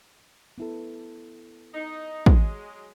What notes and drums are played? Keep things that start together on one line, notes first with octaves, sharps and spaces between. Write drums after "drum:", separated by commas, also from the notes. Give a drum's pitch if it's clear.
B3 E4 A4
D#4
F#3 G#3, drum: kick